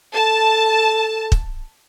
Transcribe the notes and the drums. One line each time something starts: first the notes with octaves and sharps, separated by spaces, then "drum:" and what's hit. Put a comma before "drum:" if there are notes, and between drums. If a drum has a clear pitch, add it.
A4 A5
drum: kick